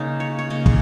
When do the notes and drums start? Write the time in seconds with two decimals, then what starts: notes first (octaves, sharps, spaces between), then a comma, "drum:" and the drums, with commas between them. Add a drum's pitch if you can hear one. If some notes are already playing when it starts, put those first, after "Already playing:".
Already playing: C#3 A#3 C#4 D#4
0.20 C#5
0.39 C#5
0.50 C#3 A#3 D#5
0.66 G#4, drum: kick